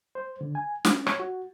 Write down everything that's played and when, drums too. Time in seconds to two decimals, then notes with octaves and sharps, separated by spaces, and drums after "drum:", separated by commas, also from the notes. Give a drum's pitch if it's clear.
0.15 C5
0.41 D3
0.55 G#5
0.85 C#4, drum: snare
1.07 C#5, drum: rim click
1.20 F#4